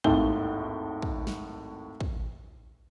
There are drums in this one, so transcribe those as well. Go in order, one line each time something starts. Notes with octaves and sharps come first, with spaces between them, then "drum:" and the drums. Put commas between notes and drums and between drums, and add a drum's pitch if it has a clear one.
G#1 D#2 A2 A4 G5 G7, drum: kick
drum: kick
drum: snare
drum: kick